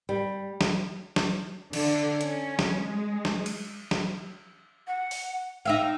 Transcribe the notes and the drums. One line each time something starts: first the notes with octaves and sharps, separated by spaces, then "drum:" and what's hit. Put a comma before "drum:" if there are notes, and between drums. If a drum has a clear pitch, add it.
G3
drum: snare
drum: snare
D3, drum: cymbal
C#4, drum: hi-hat
drum: snare
G#3
drum: snare
drum: cymbal
drum: snare
F#5
drum: open hi-hat
D#4 E5 F5 G5